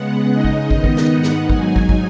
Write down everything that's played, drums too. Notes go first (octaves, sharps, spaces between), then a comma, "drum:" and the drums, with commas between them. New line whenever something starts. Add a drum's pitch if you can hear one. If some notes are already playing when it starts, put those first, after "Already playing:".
Already playing: C#3 G#3 B3 F#5
C#3 G#3 D#4 D#5
drum: kick
D#3 B3 D#4 D#5, drum: kick
drum: kick
drum: snare
G#2 D#3 B3 D#4 F#5
drum: snare
G#2 F#3 D#4 G#5, drum: kick
drum: kick
drum: kick